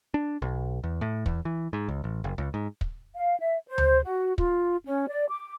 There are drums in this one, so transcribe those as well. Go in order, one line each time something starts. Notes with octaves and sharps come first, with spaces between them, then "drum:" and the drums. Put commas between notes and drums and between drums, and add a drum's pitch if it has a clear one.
D4
B1
E2
A2
E2, drum: kick
E3
G#2
C#2
A1
F#1
C#2
G#2
drum: kick
F5
E5
C5
drum: tom D2
F#4
F4, drum: kick
C#4
D5
D6